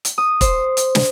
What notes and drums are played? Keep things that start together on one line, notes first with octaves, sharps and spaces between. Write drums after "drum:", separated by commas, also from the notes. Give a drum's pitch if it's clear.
drum: hi-hat
D#6
C5, drum: kick, hi-hat
drum: hi-hat
drum: snare